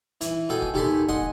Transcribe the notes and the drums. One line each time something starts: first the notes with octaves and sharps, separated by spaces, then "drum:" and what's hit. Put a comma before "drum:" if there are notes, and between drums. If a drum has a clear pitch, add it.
E3, drum: hi-hat
B2 A4 G5 G#5
drum: kick
D#2 G4 A4 G#5 B5 C6
D#5 F#5 G#5 C6, drum: kick